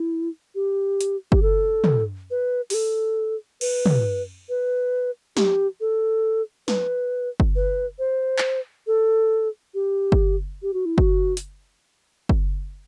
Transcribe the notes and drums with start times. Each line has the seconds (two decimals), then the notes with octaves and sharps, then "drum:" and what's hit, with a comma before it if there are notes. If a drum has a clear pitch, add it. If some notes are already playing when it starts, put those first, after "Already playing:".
Already playing: E4
0.55 G4
1.01 drum: hi-hat
1.32 G4, drum: kick F#1
1.42 A4
1.84 drum: tom
2.31 B4
2.70 G4, drum: open hi-hat
2.74 A4
3.61 B4, drum: cymbal
3.86 drum: tom
4.49 B4
5.37 G4, drum: snare
5.81 A4
6.68 B4, drum: snare
7.40 drum: kick F#1
7.56 B4
7.99 C5
8.38 drum: clap
8.87 A4
9.74 G4
10.12 drum: kick F#1
10.63 G4
10.74 F#4
10.85 E4
10.98 F#4, drum: kick F#1
11.37 drum: hi-hat
12.29 drum: kick F#1